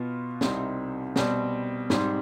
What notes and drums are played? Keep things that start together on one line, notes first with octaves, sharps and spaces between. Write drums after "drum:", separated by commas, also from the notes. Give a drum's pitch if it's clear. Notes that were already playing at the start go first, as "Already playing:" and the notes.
Already playing: B2 B3 F4
C2 C3 G3 C4 D#4, drum: snare
B2 G3 C4, drum: snare
G#2 G3 C4 G4, drum: snare